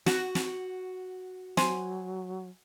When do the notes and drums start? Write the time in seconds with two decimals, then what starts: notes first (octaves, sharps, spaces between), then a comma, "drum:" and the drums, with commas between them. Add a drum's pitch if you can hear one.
0.06 F#4, drum: snare
0.35 drum: snare
1.57 F#3 C5 G#5, drum: snare